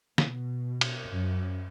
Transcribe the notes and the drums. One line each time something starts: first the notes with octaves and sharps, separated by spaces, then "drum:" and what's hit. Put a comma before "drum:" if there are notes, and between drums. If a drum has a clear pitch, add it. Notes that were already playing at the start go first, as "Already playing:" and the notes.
B2, drum: snare
drum: cymbal
F#2